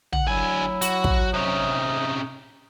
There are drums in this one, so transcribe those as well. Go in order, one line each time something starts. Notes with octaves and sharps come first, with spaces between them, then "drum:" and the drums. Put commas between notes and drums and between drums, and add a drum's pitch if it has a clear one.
F#5, drum: tom
D2 F#3 E4 G#5
F#4, drum: hi-hat
drum: kick
C3 C#4 D#4